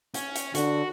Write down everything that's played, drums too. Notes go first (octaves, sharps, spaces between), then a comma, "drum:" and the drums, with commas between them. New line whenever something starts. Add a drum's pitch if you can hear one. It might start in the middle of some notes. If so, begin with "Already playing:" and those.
C#4, drum: hi-hat
drum: hi-hat
D3 F#4, drum: hi-hat